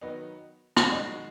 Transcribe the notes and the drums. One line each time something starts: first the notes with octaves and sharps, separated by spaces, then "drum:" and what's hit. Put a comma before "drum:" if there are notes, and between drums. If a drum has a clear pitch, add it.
D#3 F#3 B3 D#4
drum: rim click
D#3 G#3 D#4 F#4